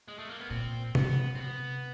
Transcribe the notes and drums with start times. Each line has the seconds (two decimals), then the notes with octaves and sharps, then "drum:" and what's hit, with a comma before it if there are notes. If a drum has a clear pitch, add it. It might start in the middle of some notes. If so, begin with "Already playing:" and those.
0.08 G#3
0.19 A3
0.29 A#3
0.40 B3
0.50 A#2 C4
0.95 C3 B3, drum: tom C3
1.35 C4
1.41 B3